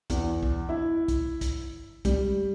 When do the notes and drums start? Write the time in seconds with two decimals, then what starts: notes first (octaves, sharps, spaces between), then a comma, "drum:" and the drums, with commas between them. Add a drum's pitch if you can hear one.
0.10 E2, drum: kick, hi-hat
0.43 drum: kick
0.69 E4
1.08 drum: kick, hi-hat
1.41 drum: kick, hi-hat
2.05 G3, drum: kick, hi-hat